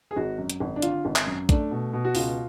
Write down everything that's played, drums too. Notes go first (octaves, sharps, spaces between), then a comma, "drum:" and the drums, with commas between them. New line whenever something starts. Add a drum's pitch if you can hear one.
G#4
G#1 F#4
F#2
drum: hi-hat
G#1
D4
D3 F4, drum: hi-hat
G#1
drum: clap
F#2
A3 D4, drum: kick, hi-hat
B2
B2
F#4
C#2 F4, drum: open hi-hat